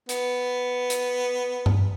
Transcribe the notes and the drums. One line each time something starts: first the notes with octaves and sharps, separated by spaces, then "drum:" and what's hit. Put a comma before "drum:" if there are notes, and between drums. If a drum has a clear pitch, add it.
B3, drum: hi-hat
drum: hi-hat
drum: tom G2